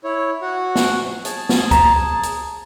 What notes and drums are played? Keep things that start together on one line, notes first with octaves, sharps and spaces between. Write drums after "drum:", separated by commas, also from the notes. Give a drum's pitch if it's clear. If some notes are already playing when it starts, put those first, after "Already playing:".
E4 C#5
F#4 F#5
drum: snare
G#4 A5, drum: hi-hat
drum: snare
A#5, drum: kick, hi-hat
drum: hi-hat